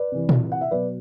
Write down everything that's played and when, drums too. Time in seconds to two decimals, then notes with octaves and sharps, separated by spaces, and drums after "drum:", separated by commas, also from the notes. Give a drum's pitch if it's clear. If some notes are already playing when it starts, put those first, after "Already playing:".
Already playing: B4 D5
0.12 C3 E3
0.29 drum: tom A#2
0.52 F#5
0.61 E5
0.71 B2 F#3 B4 D5